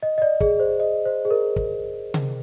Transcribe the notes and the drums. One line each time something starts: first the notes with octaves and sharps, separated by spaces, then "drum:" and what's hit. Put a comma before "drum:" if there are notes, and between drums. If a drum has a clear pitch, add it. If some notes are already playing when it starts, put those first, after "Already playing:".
D#5
D#5
D5
G#4, drum: kick
C5
D#5
C5
G#4
A#4
drum: kick
drum: tom C3